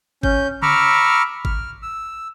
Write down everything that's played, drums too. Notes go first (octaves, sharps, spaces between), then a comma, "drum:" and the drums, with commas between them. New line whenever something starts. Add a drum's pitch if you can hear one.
C#4 G6, drum: kick G1
A#5 B5 C#6 D6 E6 F6, drum: tom C#3
F6, drum: kick G1
E6